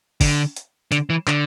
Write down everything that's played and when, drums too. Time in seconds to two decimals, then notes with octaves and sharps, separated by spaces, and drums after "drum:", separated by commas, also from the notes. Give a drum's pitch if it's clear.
0.21 D3, drum: kick, open hi-hat
0.56 drum: hi-hat
0.92 D3, drum: hi-hat
1.10 E3
1.27 D3, drum: clap